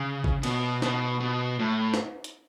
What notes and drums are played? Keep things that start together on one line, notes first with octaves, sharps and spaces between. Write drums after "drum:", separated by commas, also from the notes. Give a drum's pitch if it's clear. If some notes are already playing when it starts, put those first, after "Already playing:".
Already playing: C#3
drum: kick G#1
B2, drum: cymbal
B2, drum: snare
B2
A2
drum: snare
drum: hi-hat